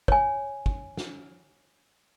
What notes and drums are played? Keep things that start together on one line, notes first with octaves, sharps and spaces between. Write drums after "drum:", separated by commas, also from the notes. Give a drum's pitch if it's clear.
C#5 G#5, drum: kick
drum: kick
drum: snare